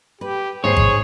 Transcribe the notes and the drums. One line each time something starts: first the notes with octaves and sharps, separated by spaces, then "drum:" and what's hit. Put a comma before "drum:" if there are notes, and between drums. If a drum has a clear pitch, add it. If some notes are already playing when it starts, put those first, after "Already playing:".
G4 B4
D#2 G#2 G#4 C5 C#5 C7
drum: kick G#1